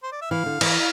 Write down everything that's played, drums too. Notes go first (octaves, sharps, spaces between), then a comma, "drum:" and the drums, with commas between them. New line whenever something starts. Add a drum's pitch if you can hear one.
C5
D5
E5
E3 F5
D3
E3, drum: cymbal